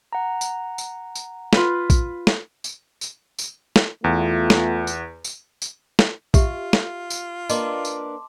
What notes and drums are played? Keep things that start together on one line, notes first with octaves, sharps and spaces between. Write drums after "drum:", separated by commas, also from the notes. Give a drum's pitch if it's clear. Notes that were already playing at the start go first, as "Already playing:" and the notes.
F#5 A#5
drum: tambourine
drum: tambourine
drum: tambourine
F4 B4, drum: snare
drum: kick, tambourine
drum: snare
drum: tambourine
drum: tambourine
drum: tambourine
drum: snare
E2 A3 B3 F4
drum: snare
drum: tambourine
drum: tambourine
drum: tambourine
drum: snare
F4 G4 E5, drum: kick, tambourine
drum: snare
drum: tambourine
A#3 D4 B4 D#5 A5 C6 D6, drum: tambourine
drum: tambourine